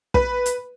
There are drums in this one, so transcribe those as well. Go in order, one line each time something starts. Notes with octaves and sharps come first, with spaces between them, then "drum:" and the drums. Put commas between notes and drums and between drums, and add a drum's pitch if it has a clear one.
B4, drum: kick
drum: hi-hat